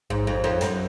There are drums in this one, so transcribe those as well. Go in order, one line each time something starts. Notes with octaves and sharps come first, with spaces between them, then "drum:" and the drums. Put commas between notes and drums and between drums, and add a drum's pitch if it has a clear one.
G#2, drum: kick A1
F2
F2
F#2, drum: snare